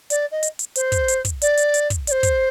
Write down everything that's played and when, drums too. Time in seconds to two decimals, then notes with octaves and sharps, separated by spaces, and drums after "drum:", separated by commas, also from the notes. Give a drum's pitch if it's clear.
0.10 D5, drum: hi-hat
0.31 D#5
0.43 drum: hi-hat
0.59 drum: hi-hat
0.75 C5, drum: hi-hat
0.92 drum: kick, hi-hat
1.08 drum: hi-hat
1.25 drum: kick, hi-hat
1.42 D5, drum: hi-hat
1.57 drum: hi-hat
1.74 drum: hi-hat
1.90 drum: kick, hi-hat
2.07 D5, drum: hi-hat
2.11 C5
2.23 drum: kick, hi-hat